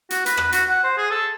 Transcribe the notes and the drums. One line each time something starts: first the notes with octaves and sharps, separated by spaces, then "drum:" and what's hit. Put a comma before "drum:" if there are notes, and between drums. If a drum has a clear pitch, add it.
F#4, drum: hi-hat
B4, drum: hi-hat
B4, drum: rim click
F#4, drum: hi-hat
F#5
C5
G#4
A4